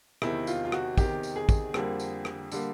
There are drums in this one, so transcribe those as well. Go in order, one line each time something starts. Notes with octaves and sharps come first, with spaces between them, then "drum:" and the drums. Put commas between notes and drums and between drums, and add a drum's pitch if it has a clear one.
E2 C3 D#3 E4, drum: rim click
F4, drum: tambourine
F4
F#4, drum: rim click
E2 C3 D#3 G4, drum: kick, tambourine
drum: tambourine
G#4
drum: kick, tambourine
F2 D3 G3 A#3, drum: rim click
drum: tambourine
drum: rim click
D3 G3 A#3, drum: tambourine